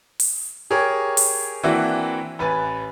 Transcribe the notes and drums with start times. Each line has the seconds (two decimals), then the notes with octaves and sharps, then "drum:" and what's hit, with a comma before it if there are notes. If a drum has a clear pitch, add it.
0.20 drum: open hi-hat
0.70 G4 G#4 A#4 C#5
1.17 drum: open hi-hat
1.63 E3 A#3 C4 D4 E4 F#4
2.39 A1 B4 G#5 A6